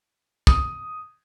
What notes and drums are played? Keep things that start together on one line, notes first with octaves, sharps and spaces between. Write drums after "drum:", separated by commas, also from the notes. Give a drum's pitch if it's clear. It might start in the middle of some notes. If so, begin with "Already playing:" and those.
D#6, drum: kick